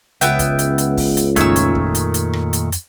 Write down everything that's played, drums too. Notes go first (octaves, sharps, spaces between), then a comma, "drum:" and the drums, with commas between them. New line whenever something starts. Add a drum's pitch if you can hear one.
C#2 C#3 B3 E5 G5, drum: hi-hat
drum: kick, hi-hat
drum: hi-hat
drum: hi-hat
drum: kick, open hi-hat
drum: hi-hat
F2 A#2 D#3 A3 C#5 E6, drum: kick, hi-hat
drum: hi-hat
drum: kick
drum: hi-hat
drum: hi-hat
drum: rim click
drum: hi-hat
drum: hi-hat